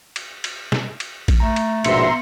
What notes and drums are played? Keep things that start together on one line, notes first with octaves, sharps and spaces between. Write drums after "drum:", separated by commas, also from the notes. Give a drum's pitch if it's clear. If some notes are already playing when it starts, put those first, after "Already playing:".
drum: cymbal
drum: cymbal
drum: snare
drum: cymbal
drum: kick, cymbal
A3 A#5
drum: cymbal
A#1 G#2 B2 B3 E5 A#5 C6 C#7, drum: cymbal